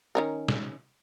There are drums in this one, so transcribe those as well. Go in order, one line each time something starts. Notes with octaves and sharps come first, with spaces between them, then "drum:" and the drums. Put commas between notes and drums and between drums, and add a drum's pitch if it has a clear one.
D#3 C#4 A#4
drum: snare